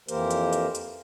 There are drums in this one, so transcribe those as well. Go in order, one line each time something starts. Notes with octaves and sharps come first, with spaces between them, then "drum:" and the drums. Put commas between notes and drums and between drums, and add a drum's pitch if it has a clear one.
F2 E3 A#3 G4 A#4 C5, drum: hi-hat
drum: hi-hat
drum: hi-hat
drum: hi-hat